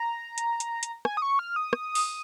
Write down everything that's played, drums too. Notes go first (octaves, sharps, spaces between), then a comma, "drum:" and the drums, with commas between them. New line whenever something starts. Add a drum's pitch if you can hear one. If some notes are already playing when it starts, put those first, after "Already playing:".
Already playing: A#5
drum: hi-hat
drum: hi-hat
drum: hi-hat
G#5, drum: rim click
D#6
C#6
F6
D#6
drum: rim click
drum: open hi-hat